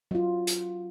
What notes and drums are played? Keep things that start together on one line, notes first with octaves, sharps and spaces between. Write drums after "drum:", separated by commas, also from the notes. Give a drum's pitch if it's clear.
F#3 F4
drum: hi-hat